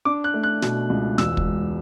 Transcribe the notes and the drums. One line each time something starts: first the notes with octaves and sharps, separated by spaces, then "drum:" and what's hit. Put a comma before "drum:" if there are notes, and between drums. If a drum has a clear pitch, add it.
D4 D6
F#6
A3
F#6
B2, drum: snare
C#2
E1 E6, drum: snare
drum: kick